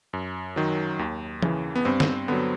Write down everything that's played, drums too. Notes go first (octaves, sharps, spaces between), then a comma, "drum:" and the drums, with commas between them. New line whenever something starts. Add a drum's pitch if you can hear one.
F#2
D#3 F#3
D#2
C#3 E3, drum: tom E3
B3
G2 C4
drum: snare
D3 F#3 B3